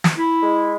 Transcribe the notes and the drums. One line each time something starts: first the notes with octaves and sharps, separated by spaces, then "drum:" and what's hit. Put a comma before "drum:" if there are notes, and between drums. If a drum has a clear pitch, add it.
drum: snare
E4
G#3